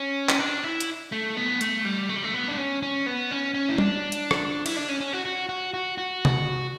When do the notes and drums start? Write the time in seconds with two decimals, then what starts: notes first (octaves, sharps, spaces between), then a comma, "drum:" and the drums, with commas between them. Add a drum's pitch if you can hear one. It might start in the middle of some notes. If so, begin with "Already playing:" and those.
Already playing: C#4
0.29 drum: clap
0.39 D4
0.64 E4
0.80 drum: hi-hat
1.12 A3
1.37 B3
1.61 A3, drum: hi-hat
1.85 G3
2.09 A3
2.16 G3
2.24 A3
2.34 B3
2.48 D4
2.58 C#4
2.82 C#4
3.06 B3
3.31 C#4
3.54 C#4
3.69 E4
3.78 D4, drum: tom G3
4.12 drum: hi-hat
4.31 drum: rim click
4.66 E4, drum: cymbal
4.76 D4
4.89 C#4
5.01 C#4
5.13 F#4
5.25 F#4
5.49 F#4
5.74 F#4
5.98 F#4
6.25 drum: tom C3